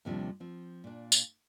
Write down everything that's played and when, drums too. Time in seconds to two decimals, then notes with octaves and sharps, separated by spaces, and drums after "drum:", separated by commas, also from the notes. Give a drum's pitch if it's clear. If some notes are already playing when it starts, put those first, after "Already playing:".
0.05 D#2 C3 F3 G3 D4
0.40 F3 C4
0.84 A#2 D4
1.12 drum: tambourine